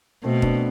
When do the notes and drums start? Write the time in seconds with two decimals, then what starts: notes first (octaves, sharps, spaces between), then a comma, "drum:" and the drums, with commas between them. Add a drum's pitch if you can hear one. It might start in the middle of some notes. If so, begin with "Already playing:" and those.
0.23 B2 A3 C4
0.42 B3 D4, drum: kick